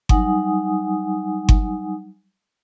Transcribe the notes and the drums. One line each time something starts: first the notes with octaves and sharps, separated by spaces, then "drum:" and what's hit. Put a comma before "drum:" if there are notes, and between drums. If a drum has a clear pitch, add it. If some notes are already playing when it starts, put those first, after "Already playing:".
F#3 G3 D#4 F#5 G#5 D#6, drum: kick G1
drum: kick G1